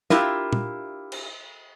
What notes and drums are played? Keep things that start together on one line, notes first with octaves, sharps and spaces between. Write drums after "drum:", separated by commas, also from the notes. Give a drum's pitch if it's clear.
D4 E4 F4 G4 A#4 E5, drum: snare
drum: tom
drum: cymbal